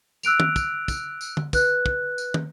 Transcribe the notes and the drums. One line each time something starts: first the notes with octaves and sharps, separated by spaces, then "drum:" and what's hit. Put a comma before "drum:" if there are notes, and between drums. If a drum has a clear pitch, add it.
E6 F#6 D7 F7, drum: tambourine
drum: tom
drum: kick, tambourine
drum: kick, tambourine
drum: tambourine
drum: tom
B4 F#6, drum: kick, tambourine
drum: kick
drum: tambourine
drum: tom